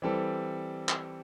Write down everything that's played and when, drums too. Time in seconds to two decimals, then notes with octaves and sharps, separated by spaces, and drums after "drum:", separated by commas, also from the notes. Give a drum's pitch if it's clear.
0.02 E3 G3 C4 A4
0.89 drum: clap